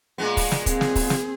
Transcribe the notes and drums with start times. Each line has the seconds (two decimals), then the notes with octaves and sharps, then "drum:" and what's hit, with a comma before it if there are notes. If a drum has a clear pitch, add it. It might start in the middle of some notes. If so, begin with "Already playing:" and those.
0.18 A#2 G#3 B3
0.37 drum: kick, open hi-hat
0.52 drum: snare
0.66 C4 G#4, drum: kick, hi-hat
0.81 drum: snare
0.95 drum: kick, open hi-hat
1.10 drum: snare